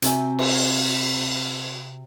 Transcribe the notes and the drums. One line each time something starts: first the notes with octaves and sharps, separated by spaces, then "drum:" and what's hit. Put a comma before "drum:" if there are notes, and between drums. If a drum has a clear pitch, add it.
C3 C4 F#4 C#5 E5 G#5, drum: hi-hat
drum: cymbal